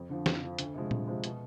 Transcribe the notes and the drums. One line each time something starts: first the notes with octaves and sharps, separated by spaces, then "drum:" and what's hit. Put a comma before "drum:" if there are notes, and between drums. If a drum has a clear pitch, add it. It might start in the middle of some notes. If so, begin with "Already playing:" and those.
Already playing: F2
D3 F3
F2, drum: snare
D3 F3
D2, drum: hi-hat
C3 F3 G#3
D2, drum: tom A#2
C3 F3 G#3
B2, drum: hi-hat